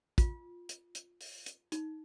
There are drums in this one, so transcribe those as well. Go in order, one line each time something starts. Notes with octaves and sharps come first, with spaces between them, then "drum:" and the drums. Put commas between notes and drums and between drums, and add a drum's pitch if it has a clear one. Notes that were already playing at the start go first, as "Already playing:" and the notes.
F4, drum: kick, hi-hat
drum: hi-hat
drum: hi-hat
drum: open hi-hat
drum: hi-hat
D#4, drum: hi-hat